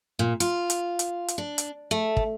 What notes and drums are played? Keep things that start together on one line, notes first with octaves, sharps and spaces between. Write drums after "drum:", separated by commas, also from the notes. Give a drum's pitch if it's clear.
A#2
F4, drum: hi-hat
drum: hi-hat
drum: hi-hat
drum: hi-hat
D4
drum: hi-hat
A3
drum: kick